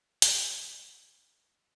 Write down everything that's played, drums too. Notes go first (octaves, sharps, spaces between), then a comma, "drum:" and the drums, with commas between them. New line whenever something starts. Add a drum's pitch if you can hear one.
F#5 F6, drum: hi-hat